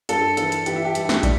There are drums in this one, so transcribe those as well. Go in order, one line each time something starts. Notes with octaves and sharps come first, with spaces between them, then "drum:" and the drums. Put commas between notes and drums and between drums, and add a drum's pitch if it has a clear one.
G2 A4, drum: hi-hat
E3 A4, drum: hi-hat
drum: hi-hat
E3 G4, drum: hi-hat
E4
G4
G2, drum: hi-hat
drum: snare
G3, drum: kick, hi-hat